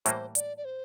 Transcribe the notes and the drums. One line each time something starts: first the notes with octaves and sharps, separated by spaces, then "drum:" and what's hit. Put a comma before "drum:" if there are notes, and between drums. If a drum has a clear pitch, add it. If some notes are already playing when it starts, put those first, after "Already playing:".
A2 E3 G3 A#3 C5, drum: hi-hat
D5, drum: hi-hat
D5
C5